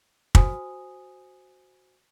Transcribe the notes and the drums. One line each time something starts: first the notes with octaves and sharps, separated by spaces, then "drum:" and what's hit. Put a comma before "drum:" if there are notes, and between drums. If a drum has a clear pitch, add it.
F#4 C5 G#5 D#6, drum: kick